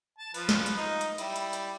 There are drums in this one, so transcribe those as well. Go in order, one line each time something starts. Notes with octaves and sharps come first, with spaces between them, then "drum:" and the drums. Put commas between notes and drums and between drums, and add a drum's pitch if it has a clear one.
A5
F3 B4, drum: open hi-hat
drum: snare
drum: hi-hat
D#4
drum: hi-hat
G3 E4, drum: hi-hat
drum: hi-hat
drum: hi-hat